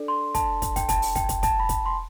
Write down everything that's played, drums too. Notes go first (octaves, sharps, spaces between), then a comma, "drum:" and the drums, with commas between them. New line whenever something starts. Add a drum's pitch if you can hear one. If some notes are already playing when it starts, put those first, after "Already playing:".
Already playing: D4 A4 D5
C6
A5, drum: kick, hi-hat
drum: kick, hi-hat
G5, drum: kick, hi-hat
A5, drum: kick, hi-hat
drum: open hi-hat
G5, drum: kick, hi-hat
drum: kick, hi-hat
A5, drum: kick, hi-hat
B5
drum: kick, hi-hat
C6